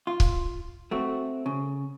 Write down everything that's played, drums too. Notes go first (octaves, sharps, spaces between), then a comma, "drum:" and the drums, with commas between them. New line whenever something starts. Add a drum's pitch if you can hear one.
F4
drum: kick C#1
A3 C4 F#4
C#3